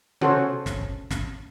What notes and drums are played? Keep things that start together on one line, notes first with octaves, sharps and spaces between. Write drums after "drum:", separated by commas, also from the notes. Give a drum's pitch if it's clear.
C#4 F#4 A4 C5 C#5, drum: tom C3
drum: snare
drum: kick
drum: snare